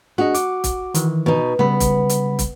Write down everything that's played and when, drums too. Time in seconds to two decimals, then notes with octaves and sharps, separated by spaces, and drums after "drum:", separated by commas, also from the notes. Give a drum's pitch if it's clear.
0.18 D4 F#4 G#4 D#5
0.35 D6, drum: hi-hat
0.64 drum: kick, hi-hat
0.94 D#3 E3, drum: hi-hat
1.26 B2 D#4
1.59 C#3 G3 B3 B5
1.80 drum: kick, hi-hat
2.09 drum: hi-hat
2.39 drum: kick, hi-hat